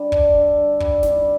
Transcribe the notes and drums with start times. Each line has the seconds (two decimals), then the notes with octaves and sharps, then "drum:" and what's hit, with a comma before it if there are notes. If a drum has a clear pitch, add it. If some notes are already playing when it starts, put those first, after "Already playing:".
Already playing: D3 G3
0.12 D4, drum: kick
0.34 D3
0.57 D3
0.80 G3, drum: kick
1.03 G2, drum: snare